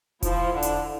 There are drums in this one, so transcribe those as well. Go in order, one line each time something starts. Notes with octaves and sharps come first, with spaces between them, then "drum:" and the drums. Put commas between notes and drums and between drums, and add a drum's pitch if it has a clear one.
F3 E4, drum: kick E1, hi-hat
D3
drum: hi-hat